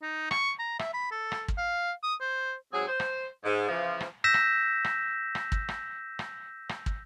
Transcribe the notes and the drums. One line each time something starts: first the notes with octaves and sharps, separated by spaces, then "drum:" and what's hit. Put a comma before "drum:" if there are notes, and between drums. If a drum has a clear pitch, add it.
D#4
C#6, drum: rim click
A#5
E5, drum: rim click
B5
A4
drum: rim click
drum: kick
F5
D#6
C5
G#2 F#3 C4 G#4
C5
drum: rim click
G#2
C#3 E3 F3
drum: rim click
E6 G6 A#6 B6 E7
drum: rim click
drum: rim click
drum: rim click
drum: kick
drum: rim click
drum: rim click
drum: rim click
drum: kick